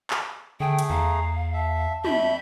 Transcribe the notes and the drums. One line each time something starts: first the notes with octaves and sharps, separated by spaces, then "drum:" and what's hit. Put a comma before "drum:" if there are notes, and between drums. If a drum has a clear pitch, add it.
drum: clap
D3 A3 G#4 G5
drum: hi-hat
E2 F5 A#5
E5 A5
F2 E5 B5 G6, drum: tom